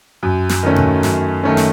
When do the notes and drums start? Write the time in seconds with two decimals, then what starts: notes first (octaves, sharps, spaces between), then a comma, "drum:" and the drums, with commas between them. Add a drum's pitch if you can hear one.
0.23 F#2
0.49 drum: snare
0.63 D#3 A3 C#4
0.76 drum: tom
1.03 F#2, drum: snare
1.43 D#3 A3 C#4
1.57 drum: snare